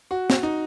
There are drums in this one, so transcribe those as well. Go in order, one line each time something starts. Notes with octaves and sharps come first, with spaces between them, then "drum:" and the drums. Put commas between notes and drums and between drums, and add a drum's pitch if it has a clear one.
F#4
drum: snare
D#4